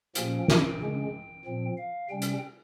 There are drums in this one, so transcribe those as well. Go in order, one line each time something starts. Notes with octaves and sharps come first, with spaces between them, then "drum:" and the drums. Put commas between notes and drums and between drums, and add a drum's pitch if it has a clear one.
A#2 F3 A#3 C#4 G5, drum: hi-hat
G5, drum: snare
C#3 G#3 C#4
A#2 F3 C4
F5
C3 G3 C#4 G5
drum: hi-hat